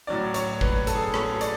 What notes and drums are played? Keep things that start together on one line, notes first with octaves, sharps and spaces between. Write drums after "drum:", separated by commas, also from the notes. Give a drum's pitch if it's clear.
A2 F#3 C#4 D5
C#5, drum: hi-hat
B4, drum: kick G#1
A4, drum: hi-hat
G#4
A4
C#5, drum: rim click
D5, drum: hi-hat